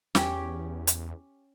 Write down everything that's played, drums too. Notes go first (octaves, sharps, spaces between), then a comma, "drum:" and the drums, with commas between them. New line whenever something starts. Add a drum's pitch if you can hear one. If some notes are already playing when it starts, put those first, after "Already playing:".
E2 C#4 G4 G5, drum: snare
drum: hi-hat